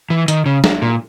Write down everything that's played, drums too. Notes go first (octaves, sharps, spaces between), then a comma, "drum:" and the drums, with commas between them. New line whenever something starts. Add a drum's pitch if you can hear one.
E3
D#3, drum: hi-hat
C#3
drum: snare
A#2